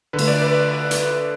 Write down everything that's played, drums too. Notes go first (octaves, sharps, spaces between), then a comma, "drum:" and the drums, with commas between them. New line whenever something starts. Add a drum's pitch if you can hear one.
D3 B4
A3, drum: cymbal
D5
B4
drum: hi-hat